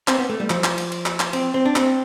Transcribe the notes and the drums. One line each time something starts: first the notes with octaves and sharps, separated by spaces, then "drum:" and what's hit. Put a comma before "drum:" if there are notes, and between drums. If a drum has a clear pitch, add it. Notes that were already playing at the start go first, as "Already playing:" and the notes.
C4, drum: clap
B3
A3
G3
F3, drum: clap
drum: clap
drum: cymbal
drum: cymbal
drum: clap
drum: clap
C4, drum: cymbal
C4
D4
C4, drum: clap